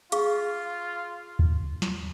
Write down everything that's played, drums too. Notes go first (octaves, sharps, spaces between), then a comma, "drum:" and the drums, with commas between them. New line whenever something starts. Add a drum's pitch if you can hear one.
F4 G#4 F5 C#6, drum: hi-hat
drum: kick
drum: snare